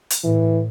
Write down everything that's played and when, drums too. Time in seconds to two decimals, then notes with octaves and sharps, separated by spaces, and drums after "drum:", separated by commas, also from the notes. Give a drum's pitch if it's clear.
0.10 drum: hi-hat
0.24 A2 E3